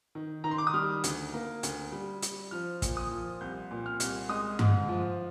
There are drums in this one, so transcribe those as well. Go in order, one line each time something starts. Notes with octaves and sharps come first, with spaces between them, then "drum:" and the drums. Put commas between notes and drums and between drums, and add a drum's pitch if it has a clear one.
D#3
D#3 A#5
C6
D6
D#6
G3 F6
D2, drum: hi-hat
A#3
D2, drum: hi-hat
G3
G3, drum: hi-hat
F3 F6
A#2, drum: kick, hi-hat
D#6
F3
C2 G6
A#2
F6
C2, drum: hi-hat
G#3 D#6
G#2, drum: tom G2
F3